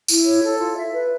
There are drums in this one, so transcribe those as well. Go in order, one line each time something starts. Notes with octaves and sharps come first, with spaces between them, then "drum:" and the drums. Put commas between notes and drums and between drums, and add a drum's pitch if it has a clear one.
E4, drum: tambourine
C#5
A4
F4
E5
B4